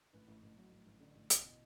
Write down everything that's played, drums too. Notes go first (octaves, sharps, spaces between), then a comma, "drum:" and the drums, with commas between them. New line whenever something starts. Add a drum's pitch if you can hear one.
A1 B4
A1
A1
F#3
A1
A1
D3
A1
B2, drum: hi-hat
B2